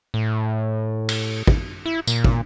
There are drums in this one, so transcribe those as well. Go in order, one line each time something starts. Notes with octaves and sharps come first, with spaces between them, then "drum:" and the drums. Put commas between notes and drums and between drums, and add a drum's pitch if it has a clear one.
A2
drum: cymbal
drum: kick
E4
A#2, drum: tambourine
drum: kick